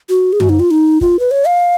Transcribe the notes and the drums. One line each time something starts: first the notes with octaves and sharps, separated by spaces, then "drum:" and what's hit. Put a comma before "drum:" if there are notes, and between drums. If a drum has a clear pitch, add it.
F#4
G#4
F#4, drum: tom F#2
D#4
F4
D#4
F4, drum: kick
B4
C#5
F5